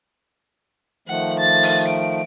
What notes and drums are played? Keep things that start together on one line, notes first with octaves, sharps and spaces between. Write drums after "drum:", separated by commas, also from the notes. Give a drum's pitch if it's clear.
D#3 F3 A3 F#5
A6
drum: open hi-hat
D7